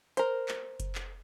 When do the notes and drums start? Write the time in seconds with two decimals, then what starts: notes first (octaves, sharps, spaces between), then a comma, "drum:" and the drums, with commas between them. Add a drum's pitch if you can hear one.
0.17 A#4 C5, drum: hi-hat
0.48 drum: clap
0.80 drum: kick F#1, hi-hat
0.95 drum: clap